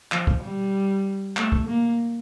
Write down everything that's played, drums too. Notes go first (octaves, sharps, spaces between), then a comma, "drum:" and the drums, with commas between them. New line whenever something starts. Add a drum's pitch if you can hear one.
F3, drum: clap
drum: kick
G3
A3, drum: clap
drum: kick
A#3